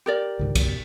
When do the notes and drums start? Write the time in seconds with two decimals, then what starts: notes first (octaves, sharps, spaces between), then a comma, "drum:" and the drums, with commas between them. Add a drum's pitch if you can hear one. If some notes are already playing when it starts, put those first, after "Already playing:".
0.06 G4 A#4 D5
0.39 C#2 G#2 D3
0.55 F#1 B1 B2, drum: kick, cymbal